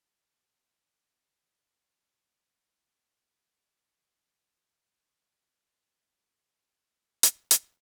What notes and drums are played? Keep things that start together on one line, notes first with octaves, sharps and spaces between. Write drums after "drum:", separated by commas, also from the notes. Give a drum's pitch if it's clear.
E3 C#5
C#2
C3
A2 G#4
B3
F#3
C#3
E2
E3
F#2 F#4
F3
F#2
E4 F#4
G3
B3
D#3 F4
B3
F#3
F3 E4
D3
F3
B3 F4
B3
F#2
C#3 F4
F#2
C#3
D4 F#4
D4
E3
E2 G4
E2
G#3
C2
G3
C2
B3
E3
drum: hi-hat
drum: hi-hat